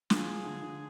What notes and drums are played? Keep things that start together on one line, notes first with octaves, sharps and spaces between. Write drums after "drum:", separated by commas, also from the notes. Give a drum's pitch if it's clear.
F3 G#4, drum: snare
F3
D3
D3